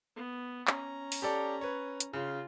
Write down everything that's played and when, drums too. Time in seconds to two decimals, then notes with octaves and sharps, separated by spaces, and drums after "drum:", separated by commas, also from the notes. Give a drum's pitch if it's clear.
0.16 B3
0.67 C#4 A#5, drum: clap
1.12 drum: open hi-hat
1.22 G4 A4 D5
1.61 B4 C#5
2.00 drum: hi-hat
2.13 C#3 F4